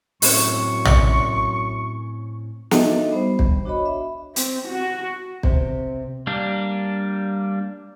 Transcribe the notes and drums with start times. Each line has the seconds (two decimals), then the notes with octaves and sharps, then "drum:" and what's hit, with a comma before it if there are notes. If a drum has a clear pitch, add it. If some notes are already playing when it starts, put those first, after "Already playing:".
0.22 F#2 A2 C4 C#4 C#6, drum: open hi-hat
0.85 drum: tom A#1
2.71 D4 D#4 F#4 A4 D#5 E5, drum: snare
3.11 G3 B3 C5
3.39 drum: kick
3.65 D4 F#4 C#5 D#5 B5
3.86 E5
4.36 C4, drum: hi-hat
4.67 F#4
5.43 C3, drum: kick
6.27 G3 A#3 D4